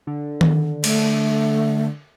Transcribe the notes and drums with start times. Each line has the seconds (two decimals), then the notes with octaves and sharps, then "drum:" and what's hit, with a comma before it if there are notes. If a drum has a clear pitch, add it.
0.07 D3
0.41 drum: tom D#3
0.84 A3, drum: cymbal